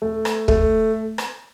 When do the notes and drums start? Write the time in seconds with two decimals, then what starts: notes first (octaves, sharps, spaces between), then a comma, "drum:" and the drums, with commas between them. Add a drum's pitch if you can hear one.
0.02 A3
0.25 drum: rim click
0.48 A3, drum: kick
1.18 drum: rim click